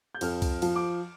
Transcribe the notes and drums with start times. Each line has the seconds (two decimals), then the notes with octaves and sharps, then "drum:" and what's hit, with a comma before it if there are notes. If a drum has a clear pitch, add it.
0.15 G6
0.21 F2 F6, drum: cymbal
0.42 drum: kick, cymbal
0.62 F3, drum: cymbal
0.76 D6